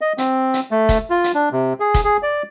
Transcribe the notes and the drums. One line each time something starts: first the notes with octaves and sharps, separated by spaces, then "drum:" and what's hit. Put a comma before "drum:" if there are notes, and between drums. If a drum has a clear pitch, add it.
D#5
C4, drum: hi-hat
drum: hi-hat
A3
drum: kick F1, hi-hat
F4
drum: hi-hat
D4
C3
G#4
drum: kick F1, hi-hat
G#4
D5